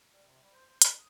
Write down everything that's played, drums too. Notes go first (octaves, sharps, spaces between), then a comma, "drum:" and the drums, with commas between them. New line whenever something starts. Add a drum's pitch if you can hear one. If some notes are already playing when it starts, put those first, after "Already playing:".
G3
C3
G3
C5
C5
C#6, drum: hi-hat
D#6